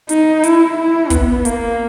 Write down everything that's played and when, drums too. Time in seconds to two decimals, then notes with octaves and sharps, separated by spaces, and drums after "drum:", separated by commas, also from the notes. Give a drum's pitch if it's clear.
0.09 D#4, drum: hi-hat
0.43 E4, drum: hi-hat
0.77 E4
1.10 B3, drum: kick, hi-hat
1.45 A#3, drum: hi-hat